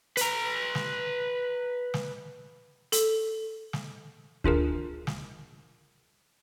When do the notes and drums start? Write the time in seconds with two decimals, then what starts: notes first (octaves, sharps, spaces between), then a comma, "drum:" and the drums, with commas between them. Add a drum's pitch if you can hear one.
0.17 B4 A#5, drum: hi-hat
0.75 drum: snare
1.94 drum: snare
2.92 A4, drum: hi-hat
3.73 drum: snare
4.44 D4 F4 G#4 A#4, drum: kick D2
5.07 drum: snare